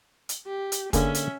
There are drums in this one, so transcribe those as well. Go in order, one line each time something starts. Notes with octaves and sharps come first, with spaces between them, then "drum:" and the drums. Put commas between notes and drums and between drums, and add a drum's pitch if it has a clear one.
drum: hi-hat
G4
drum: hi-hat
D3 A#3 C#4 G#4 E5, drum: kick, hi-hat
drum: hi-hat